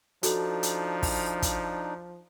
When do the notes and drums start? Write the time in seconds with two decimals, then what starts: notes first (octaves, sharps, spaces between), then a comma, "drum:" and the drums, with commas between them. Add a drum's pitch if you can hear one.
0.23 F3 D4 D#4 F#4 A4, drum: hi-hat
0.63 drum: hi-hat
1.03 drum: kick, open hi-hat
1.42 drum: kick, hi-hat